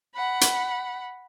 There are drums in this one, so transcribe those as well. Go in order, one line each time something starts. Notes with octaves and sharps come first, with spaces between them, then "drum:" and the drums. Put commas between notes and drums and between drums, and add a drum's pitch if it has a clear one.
F#5 B5
drum: hi-hat